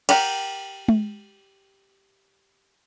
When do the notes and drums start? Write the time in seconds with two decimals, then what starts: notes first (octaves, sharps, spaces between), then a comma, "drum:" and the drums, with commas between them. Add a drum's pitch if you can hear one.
0.09 G4 A#4 F#5 G5, drum: cymbal
0.88 drum: tom G#3